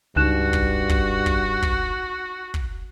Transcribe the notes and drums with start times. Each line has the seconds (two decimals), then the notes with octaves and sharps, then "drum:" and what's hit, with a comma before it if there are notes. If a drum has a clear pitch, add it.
0.16 C#2 G2 D#4 F#4 F#6 E7
0.53 drum: kick
0.89 drum: kick
1.26 drum: kick
1.62 drum: kick
2.54 drum: kick